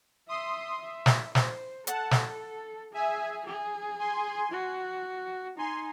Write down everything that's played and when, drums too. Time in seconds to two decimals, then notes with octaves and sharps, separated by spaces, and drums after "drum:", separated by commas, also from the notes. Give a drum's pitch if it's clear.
0.28 E5 C6 D#6
0.81 E5
1.06 drum: snare
1.35 C5, drum: snare
1.87 A4 F#5 A5, drum: hi-hat
2.11 drum: snare
2.93 G#4 E5 G#5
3.46 G#4
3.99 G#5 C6
4.52 F#4
5.58 D#4 G#5 C6